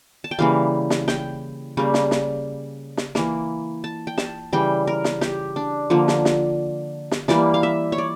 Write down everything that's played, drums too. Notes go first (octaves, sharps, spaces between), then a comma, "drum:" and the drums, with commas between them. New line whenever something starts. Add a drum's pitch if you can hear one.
A5
G5
C#3 E3 G3 A#3 F5
drum: snare
G5, drum: snare
C#3 G3 A#3
drum: snare
drum: snare
drum: snare
E3 A#3, drum: snare
A5
G5
A5, drum: snare
C#3 E3 G3 G5
A#4
drum: snare
G4, drum: snare
D4
D3 F3 A#3
drum: snare
drum: snare
drum: snare
E3 G3 A#3 D5, drum: snare
F5
E5
C#5
D5